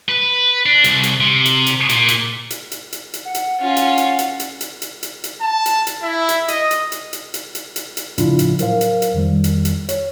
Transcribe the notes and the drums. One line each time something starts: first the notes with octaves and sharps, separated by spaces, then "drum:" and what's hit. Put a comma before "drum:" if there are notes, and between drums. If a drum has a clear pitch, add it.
B4
D4
C2, drum: hi-hat
drum: hi-hat
C3
drum: hi-hat
drum: hi-hat
A#2, drum: hi-hat
drum: hi-hat
drum: hi-hat
drum: hi-hat
drum: hi-hat
drum: hi-hat
F#5
drum: hi-hat
C#4 F4 F#5
drum: hi-hat
drum: hi-hat
drum: hi-hat
drum: hi-hat
drum: hi-hat
drum: hi-hat
drum: hi-hat
drum: hi-hat
A5
drum: hi-hat
drum: hi-hat
E4
drum: hi-hat
D#5, drum: hi-hat
drum: hi-hat
drum: hi-hat
drum: hi-hat
drum: hi-hat
drum: hi-hat
drum: hi-hat
drum: hi-hat
A2 C#3 F3 D4 E4 F4, drum: hi-hat
drum: hi-hat
F#3 A#4 C5 F5, drum: hi-hat
drum: hi-hat
drum: hi-hat
F2 D#3 G3
drum: hi-hat
drum: hi-hat
C#5, drum: hi-hat